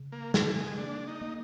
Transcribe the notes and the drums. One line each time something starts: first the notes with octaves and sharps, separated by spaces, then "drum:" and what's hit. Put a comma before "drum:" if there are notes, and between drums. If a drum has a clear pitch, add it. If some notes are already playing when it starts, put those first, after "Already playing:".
Already playing: C#3
A#3
C#3 A3, drum: snare
G#3
A#3 D4
D#4
A#3